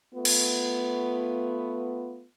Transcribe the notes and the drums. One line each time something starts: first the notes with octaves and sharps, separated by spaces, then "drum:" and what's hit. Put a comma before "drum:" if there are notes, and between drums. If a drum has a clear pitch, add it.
A3 B3 F4
drum: cymbal